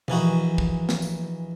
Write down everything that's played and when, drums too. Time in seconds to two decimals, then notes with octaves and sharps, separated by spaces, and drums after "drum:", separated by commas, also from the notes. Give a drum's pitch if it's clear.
0.08 A#1 E3 D#4 F#4, drum: tom B2
0.58 drum: kick
0.89 drum: snare
1.02 drum: tambourine